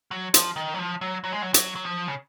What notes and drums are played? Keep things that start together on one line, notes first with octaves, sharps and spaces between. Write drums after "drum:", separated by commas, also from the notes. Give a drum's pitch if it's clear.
F#3
F3, drum: hi-hat
D#3
F#3
F3
F#3
F#3
G#3
F#3
F#3, drum: hi-hat
F#3
F3
C#3